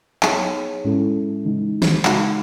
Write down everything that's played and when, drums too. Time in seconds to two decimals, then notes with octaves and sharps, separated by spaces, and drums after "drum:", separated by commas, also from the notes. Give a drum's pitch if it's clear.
0.23 F#3 B3 D#4 G#4 C#5, drum: clap
0.84 A2 G#3 C#4 E4 A4
1.45 C#3 E3 G#3 D#4
1.82 drum: snare
2.05 C#3 G#3 D#4 F#4, drum: clap